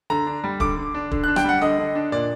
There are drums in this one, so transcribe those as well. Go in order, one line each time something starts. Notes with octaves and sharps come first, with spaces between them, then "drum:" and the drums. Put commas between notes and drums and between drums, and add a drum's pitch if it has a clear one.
D3 A#5
D4
G3
D3 D6, drum: kick
D3
D4
D3, drum: kick
F#6
D4
G5, drum: rim click
G3 F#5
D3 D#5
D3
D4
A#2 D5